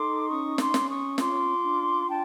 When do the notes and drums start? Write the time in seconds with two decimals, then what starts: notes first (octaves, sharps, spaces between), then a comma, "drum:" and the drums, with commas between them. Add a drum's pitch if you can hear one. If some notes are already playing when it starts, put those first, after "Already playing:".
Already playing: D#4 A4 C6 D6
0.29 C#4 C#6 D#6
0.58 C6 D6, drum: snare
0.74 C#4, drum: snare
0.89 C#6 D#6
1.18 F4 C6 D6, drum: snare
1.63 D4
2.07 D4 G5 A5